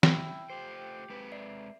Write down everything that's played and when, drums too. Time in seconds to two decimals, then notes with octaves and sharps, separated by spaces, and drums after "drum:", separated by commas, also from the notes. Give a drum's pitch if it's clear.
0.03 E4 G5, drum: snare
0.50 A3 F4 G4 C5
1.10 G#3 C4 B4
1.32 D5 E5 C7